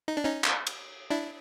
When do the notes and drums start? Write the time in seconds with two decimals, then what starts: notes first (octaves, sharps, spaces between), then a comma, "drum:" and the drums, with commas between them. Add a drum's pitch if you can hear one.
0.08 D#4
0.17 D4
0.24 C#4 D#4
0.44 drum: clap
0.67 drum: cymbal
1.11 D4 E4